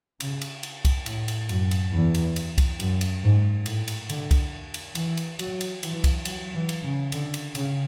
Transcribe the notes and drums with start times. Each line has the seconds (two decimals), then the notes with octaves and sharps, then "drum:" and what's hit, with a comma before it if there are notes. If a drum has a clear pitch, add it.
0.20 C#3, drum: cymbal
0.41 drum: cymbal
0.63 drum: cymbal
0.85 drum: kick C2, cymbal
1.06 A2, drum: cymbal
1.28 drum: cymbal
1.49 F#2, drum: cymbal
1.71 drum: cymbal
1.93 E2
2.14 drum: cymbal
2.36 drum: cymbal
2.58 drum: kick C2, cymbal
2.80 F#2, drum: cymbal
3.01 drum: cymbal
3.23 G#2
3.66 A2, drum: cymbal
3.88 drum: cymbal
4.09 D3, drum: cymbal
4.31 drum: kick C2, cymbal
4.74 drum: cymbal
4.95 E3, drum: cymbal
5.17 drum: cymbal
5.39 F#3, drum: cymbal
5.61 drum: cymbal
5.83 E3, drum: cymbal
6.04 drum: kick C2, cymbal
6.25 F#3, drum: cymbal
6.54 E3
6.69 drum: cymbal
6.83 C#3
7.12 D3, drum: cymbal
7.34 drum: cymbal
7.55 C#3, drum: cymbal